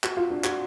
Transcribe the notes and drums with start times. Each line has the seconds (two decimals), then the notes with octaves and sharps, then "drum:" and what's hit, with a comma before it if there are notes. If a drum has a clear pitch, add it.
0.04 F#4, drum: clap
0.17 F4
0.30 D4
0.44 F#4, drum: clap